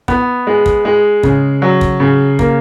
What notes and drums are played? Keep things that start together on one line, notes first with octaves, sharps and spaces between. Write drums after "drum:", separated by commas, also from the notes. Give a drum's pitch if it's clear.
B3, drum: kick
G#3
drum: kick
G#3
C#3, drum: kick
F#3
drum: kick
C#3
A#3, drum: kick